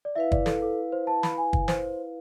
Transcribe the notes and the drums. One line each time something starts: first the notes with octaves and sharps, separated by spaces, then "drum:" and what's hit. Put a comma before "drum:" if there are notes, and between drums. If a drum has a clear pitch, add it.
D5
E4 B4 E5 F5
D5, drum: kick
A4, drum: snare
A4
C5
A5
B5, drum: snare
G#5
drum: kick
C5, drum: snare